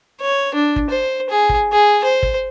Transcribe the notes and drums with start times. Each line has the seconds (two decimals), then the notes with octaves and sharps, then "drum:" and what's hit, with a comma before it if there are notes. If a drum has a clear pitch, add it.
0.22 C#5
0.55 D4
0.76 drum: kick
0.90 C5
1.30 G#4
1.49 drum: kick
1.72 G#4
2.04 C5
2.23 drum: kick